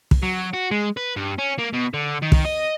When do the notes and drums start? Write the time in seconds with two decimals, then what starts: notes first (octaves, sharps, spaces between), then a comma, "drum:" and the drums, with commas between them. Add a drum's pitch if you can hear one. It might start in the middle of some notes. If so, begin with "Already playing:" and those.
0.11 drum: kick
0.23 F#3
0.53 F#4
0.71 G#3
0.97 B4
1.16 G2
1.38 C#4
1.58 A#3
1.73 B2
1.94 D3
2.22 D#3
2.32 drum: kick
2.45 D#5